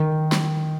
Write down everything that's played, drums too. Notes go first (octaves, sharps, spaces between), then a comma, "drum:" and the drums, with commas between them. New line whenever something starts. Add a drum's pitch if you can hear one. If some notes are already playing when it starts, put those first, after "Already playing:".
Already playing: D#3
drum: snare